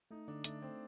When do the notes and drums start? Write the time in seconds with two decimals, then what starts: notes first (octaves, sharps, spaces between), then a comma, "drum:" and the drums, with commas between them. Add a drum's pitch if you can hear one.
0.11 A3 D#4
0.28 D3 D4
0.44 A3 D4, drum: hi-hat
0.62 A3 C4